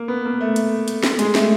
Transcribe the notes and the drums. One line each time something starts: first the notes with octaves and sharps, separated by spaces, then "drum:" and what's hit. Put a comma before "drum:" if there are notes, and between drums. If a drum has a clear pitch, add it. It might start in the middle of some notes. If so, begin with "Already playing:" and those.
Already playing: A#3
B3
A#3
A3
drum: hi-hat
drum: hi-hat
drum: snare
G#3, drum: hi-hat
A3, drum: snare